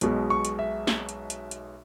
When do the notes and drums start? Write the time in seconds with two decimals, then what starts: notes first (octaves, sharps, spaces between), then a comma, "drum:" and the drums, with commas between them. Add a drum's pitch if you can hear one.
0.01 B1 B2 G#3, drum: hi-hat
0.30 C#6
0.45 drum: hi-hat
0.59 E5
0.87 drum: snare
1.09 drum: hi-hat
1.30 drum: hi-hat
1.51 drum: hi-hat